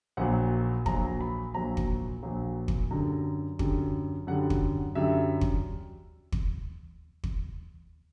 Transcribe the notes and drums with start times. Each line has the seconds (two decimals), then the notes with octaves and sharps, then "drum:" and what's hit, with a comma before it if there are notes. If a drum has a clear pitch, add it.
0.17 A#1 A#2 F#3 F#5
0.86 A#1 A#2 F#3 A#5, drum: kick
1.21 B5
1.54 A#1 A#2 F#3 A#5
1.77 drum: kick
2.23 A#1 A#2 F#3
2.68 drum: kick
2.91 F#2 D3 G3 A#5
3.59 F#2 D3 G3, drum: kick
4.27 F#2 D3 G3 F#5
4.50 drum: kick
4.95 F#2 D3 G3 E5
5.41 drum: kick
6.32 drum: kick
7.24 drum: kick